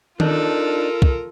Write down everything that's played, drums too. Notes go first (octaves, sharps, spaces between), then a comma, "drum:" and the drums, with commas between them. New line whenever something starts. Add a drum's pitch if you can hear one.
D4 D#4 F4 A4 A#4, drum: tom D#3
drum: kick